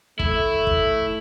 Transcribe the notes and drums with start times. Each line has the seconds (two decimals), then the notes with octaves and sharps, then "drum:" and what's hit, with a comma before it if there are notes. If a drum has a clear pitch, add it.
0.19 A3 E4, drum: kick
0.67 drum: kick